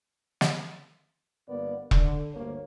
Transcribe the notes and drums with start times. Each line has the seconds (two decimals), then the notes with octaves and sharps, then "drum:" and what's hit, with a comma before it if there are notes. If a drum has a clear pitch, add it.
0.41 drum: snare
1.49 G1 A#3 B3 D5
1.91 D3, drum: kick E1
2.34 D2 G2 A#3 C#5